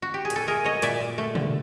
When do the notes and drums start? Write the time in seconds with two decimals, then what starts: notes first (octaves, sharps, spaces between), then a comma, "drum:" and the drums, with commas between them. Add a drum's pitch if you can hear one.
0.02 F#4
0.14 G4
0.25 G#4
0.30 A#2, drum: hi-hat
0.36 A4
0.47 A3 G#4 A#4
0.64 F#3 C#5 D#5
0.82 A#2 D5 E5, drum: hi-hat
1.00 A#2
1.18 A3
1.35 D3, drum: tom